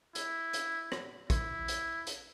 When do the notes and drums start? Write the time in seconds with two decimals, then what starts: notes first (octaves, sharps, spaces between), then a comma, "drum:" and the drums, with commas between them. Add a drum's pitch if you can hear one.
0.15 E4, drum: hi-hat
0.53 drum: hi-hat
0.92 drum: rim click
1.30 E4, drum: kick, hi-hat
1.68 drum: hi-hat
2.07 drum: hi-hat